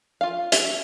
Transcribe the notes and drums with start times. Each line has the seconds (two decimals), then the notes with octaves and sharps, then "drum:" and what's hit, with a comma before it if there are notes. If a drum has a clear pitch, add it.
0.21 F4 F5
0.52 E5, drum: hi-hat